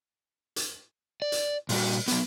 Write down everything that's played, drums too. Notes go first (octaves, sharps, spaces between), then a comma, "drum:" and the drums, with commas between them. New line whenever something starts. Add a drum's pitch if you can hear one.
drum: hi-hat
D5
drum: hi-hat
A#2 G3 F#4, drum: open hi-hat
F#3 B3, drum: hi-hat